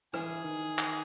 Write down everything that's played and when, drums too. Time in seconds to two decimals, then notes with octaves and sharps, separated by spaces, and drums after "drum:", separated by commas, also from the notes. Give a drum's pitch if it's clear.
0.14 E3 G#4, drum: rim click
0.44 D#3
0.78 drum: clap